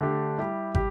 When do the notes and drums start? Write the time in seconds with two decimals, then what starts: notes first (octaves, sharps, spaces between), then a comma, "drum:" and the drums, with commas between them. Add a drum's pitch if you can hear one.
0.01 D3 A3 D4 G4
0.38 G3 E4 G4
0.75 G3 G4, drum: kick